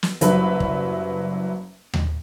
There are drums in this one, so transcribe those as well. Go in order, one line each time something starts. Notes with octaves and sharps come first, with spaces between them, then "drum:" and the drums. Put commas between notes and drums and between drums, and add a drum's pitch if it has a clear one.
drum: snare
F#1 F#3 G3 B4 E5 B5, drum: hi-hat
drum: kick
drum: tom D#2